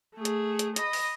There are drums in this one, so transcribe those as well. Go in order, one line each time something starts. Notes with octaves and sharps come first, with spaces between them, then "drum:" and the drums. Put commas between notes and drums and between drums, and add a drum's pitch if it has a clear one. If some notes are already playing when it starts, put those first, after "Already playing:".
A3 G#4
drum: hi-hat
drum: hi-hat
D#5 B5, drum: hi-hat
drum: open hi-hat